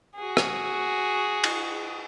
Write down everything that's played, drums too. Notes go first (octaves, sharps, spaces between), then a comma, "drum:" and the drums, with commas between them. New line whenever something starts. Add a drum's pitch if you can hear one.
F#4 G#4
drum: rim click
drum: cymbal